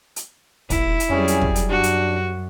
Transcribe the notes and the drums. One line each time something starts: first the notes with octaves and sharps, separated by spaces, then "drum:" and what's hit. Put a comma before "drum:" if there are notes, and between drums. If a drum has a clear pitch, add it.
drum: hi-hat
D#1 E4, drum: kick, hi-hat
drum: hi-hat
F2 F#3 G3 C#4 G#4
drum: hi-hat
drum: kick
drum: hi-hat
F#2 D4 F#4 G4
drum: hi-hat